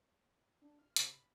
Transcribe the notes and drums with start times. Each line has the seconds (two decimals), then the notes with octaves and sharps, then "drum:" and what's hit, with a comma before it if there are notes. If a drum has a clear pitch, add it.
0.62 D4
0.79 F6
0.96 C3, drum: hi-hat
1.13 B5